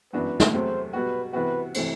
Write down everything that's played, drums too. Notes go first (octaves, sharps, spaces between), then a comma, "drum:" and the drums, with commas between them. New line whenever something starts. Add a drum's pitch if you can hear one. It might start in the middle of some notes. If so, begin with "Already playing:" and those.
F#2 E3 B3 D4 F#4 B4
drum: snare
E2 C3 F#3 A3 C4 C5
B2 G3 B3 F#4 B4
C3 E3 B3 F#4 B4
C3 E3 A3 C4, drum: cymbal